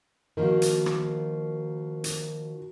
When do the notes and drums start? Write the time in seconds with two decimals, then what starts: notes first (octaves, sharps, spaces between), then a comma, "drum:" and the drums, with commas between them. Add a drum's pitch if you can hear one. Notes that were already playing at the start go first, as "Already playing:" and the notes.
0.37 D#3 F3 A#3 F#4 A#4
0.62 drum: hi-hat
0.86 drum: rim click
2.04 drum: hi-hat